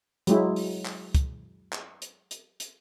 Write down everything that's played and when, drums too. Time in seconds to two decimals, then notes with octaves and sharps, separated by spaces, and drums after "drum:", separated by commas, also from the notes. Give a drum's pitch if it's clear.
0.27 F#3 G#3 E4, drum: hi-hat
0.56 drum: open hi-hat
0.85 drum: clap
1.15 drum: kick, hi-hat
1.73 drum: clap
2.02 drum: hi-hat
2.31 drum: hi-hat
2.60 drum: hi-hat